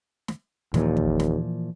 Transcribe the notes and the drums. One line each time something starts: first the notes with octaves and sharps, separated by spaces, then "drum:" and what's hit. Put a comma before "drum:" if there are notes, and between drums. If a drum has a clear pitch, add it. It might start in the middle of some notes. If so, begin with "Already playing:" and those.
drum: snare
D#2 A#2 E3 F3, drum: snare
drum: kick
drum: snare